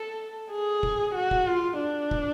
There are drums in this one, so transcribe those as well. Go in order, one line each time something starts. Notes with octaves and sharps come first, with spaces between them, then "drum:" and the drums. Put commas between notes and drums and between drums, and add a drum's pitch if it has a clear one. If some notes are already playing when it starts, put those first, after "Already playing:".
Already playing: A4
G#4
drum: kick
F#4
drum: kick
F4
D4
drum: kick